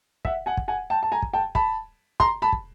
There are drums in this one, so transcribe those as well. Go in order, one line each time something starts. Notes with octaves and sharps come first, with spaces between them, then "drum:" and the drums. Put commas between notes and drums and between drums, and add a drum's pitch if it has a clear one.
E5 F#5, drum: kick
F#5 G#5
drum: kick
F#5 G#5
G5 A5
A5
G#5 A#5
drum: kick
G5 A5
A5 B5, drum: kick
A#5 C6, drum: kick
A5 B5
drum: kick